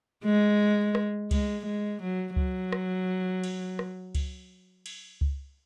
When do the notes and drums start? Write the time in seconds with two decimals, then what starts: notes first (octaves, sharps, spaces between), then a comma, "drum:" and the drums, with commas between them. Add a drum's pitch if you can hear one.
0.24 G#3
0.95 drum: rim click
1.31 G#3, drum: kick C#2, cymbal
1.65 G#3
2.02 F#3
2.36 F#3, drum: kick C#2
2.72 drum: rim click
3.44 drum: cymbal
3.79 drum: rim click
4.15 drum: kick C#2, cymbal
4.86 drum: cymbal
5.21 drum: kick C#2